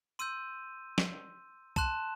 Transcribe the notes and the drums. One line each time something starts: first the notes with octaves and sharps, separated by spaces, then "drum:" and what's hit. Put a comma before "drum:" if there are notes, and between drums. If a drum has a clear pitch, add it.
C6 E6 G6 D#7
drum: snare
A5 C6 F#6 E7, drum: kick B1